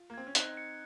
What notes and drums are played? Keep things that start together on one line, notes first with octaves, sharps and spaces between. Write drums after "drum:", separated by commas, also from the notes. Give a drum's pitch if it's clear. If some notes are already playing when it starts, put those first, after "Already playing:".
Already playing: F4
A#3
C4 G#6
C#4
C4 D#4 F#6, drum: hi-hat
C#7